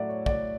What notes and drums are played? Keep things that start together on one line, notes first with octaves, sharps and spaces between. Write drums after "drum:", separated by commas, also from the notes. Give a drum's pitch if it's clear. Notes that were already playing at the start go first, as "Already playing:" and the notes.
Already playing: A2 F#3 A3 D5 E5 F#5
C#5
D5, drum: kick